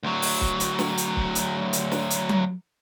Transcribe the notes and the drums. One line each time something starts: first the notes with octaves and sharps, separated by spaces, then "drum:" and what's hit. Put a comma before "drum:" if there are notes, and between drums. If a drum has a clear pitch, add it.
D2 F#3
drum: open hi-hat
drum: kick
drum: hi-hat
drum: snare
drum: hi-hat
drum: kick
drum: hi-hat
drum: hi-hat
drum: snare
drum: hi-hat
drum: tom F#3